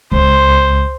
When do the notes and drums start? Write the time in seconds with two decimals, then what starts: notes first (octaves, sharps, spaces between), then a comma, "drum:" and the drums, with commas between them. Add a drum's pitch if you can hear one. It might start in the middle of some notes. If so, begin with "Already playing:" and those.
0.12 C#2 C5, drum: kick D2